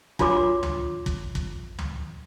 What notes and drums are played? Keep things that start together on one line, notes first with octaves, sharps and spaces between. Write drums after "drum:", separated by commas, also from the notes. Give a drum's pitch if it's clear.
D4 F4 F#4 C#5 C6 D6, drum: kick
drum: tom
drum: kick
drum: kick
drum: tom